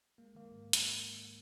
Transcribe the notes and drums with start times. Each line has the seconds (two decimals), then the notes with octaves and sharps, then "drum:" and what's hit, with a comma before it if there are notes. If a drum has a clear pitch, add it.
0.18 G#3 A#3
0.35 D#3 A#3
0.51 G#2
0.73 drum: hi-hat